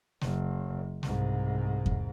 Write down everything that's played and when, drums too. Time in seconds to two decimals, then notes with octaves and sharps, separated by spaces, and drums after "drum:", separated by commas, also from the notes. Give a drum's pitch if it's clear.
0.21 F#1, drum: snare
1.03 C2 G#2, drum: snare
1.86 drum: kick E2